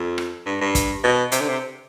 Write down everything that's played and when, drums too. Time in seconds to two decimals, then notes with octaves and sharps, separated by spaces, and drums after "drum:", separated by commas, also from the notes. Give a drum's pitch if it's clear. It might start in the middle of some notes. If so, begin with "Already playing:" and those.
Already playing: F2
0.18 drum: rim click
0.46 G2
0.61 G2
0.75 drum: kick, hi-hat
1.04 B2
1.32 C3, drum: hi-hat
1.41 D3
1.48 C3